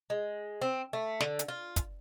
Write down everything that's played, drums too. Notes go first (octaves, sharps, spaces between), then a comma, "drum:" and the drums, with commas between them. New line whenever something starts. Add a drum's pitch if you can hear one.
G#3
C4
A3
D3, drum: snare
drum: hi-hat
F4
drum: kick, hi-hat